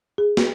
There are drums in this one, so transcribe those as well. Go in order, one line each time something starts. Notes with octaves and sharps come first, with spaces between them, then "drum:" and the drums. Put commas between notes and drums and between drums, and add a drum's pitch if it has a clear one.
G#4
drum: snare